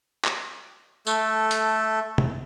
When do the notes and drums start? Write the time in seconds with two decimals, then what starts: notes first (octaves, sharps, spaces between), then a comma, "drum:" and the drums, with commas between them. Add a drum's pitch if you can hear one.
0.25 drum: clap
1.07 A3 A4, drum: tambourine
1.51 drum: hi-hat
2.18 drum: tom